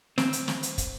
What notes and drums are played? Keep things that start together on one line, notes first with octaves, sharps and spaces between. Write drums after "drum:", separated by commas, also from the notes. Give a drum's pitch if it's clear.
C4, drum: snare
drum: hi-hat
drum: snare
drum: hi-hat
drum: kick, hi-hat